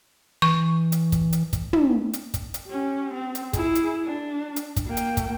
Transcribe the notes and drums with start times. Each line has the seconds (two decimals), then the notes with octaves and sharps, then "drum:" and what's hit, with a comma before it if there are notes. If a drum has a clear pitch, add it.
0.42 E3 C#6
0.92 drum: hi-hat
1.12 drum: kick, hi-hat
1.33 drum: hi-hat
1.53 drum: kick, hi-hat
1.73 drum: tom
2.13 drum: hi-hat
2.34 drum: kick, hi-hat
2.54 drum: hi-hat
2.67 C#4 G4
3.15 C4
3.35 drum: hi-hat
3.53 E4 G#4, drum: kick, hi-hat
3.75 drum: hi-hat
4.04 D4
4.56 drum: hi-hat
4.76 drum: kick, hi-hat
4.87 A#3 G5
4.97 drum: hi-hat
5.17 drum: kick, hi-hat